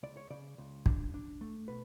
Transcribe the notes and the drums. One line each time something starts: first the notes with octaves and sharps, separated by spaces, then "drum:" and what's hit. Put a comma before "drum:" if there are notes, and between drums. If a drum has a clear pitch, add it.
C#2 D5
C#5
C#3 D5
C#2
D4, drum: kick
D4
A3
B2 B4